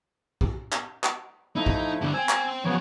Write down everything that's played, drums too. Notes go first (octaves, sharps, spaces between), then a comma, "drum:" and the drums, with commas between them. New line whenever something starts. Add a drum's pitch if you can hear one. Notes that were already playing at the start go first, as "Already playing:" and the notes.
drum: kick
drum: clap
drum: clap
F3 A3 D#4 E4
drum: kick
G2 D3
C5 G5 G#5 E6
drum: clap
C#3 F3 F#3 B3 C#5